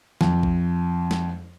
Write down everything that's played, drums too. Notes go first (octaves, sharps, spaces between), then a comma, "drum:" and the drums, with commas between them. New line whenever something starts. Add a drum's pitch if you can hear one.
F2, drum: snare
drum: kick A#1
drum: snare